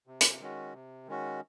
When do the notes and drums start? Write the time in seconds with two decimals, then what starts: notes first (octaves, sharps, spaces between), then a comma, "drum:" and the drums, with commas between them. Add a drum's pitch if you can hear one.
0.07 C3
0.21 drum: hi-hat
0.40 D#3 G#3 C#4 F#4
0.74 C3
1.07 D#3 G#3 C#4 F#4